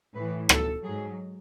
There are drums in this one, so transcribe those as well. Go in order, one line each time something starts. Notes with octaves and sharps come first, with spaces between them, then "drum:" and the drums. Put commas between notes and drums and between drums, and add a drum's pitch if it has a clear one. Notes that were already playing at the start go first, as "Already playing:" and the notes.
A2 E3 B4
A4, drum: rim click
G#2 F#3 G#4